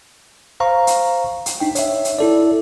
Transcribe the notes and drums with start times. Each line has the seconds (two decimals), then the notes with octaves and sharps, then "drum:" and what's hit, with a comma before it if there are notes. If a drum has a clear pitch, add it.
0.60 C5 F5 A#5 C#6
0.87 drum: hi-hat
1.46 drum: hi-hat
1.60 D4 D#4 G5
1.75 C#5 E5, drum: hi-hat
2.05 drum: hi-hat
2.19 E4 A4 D5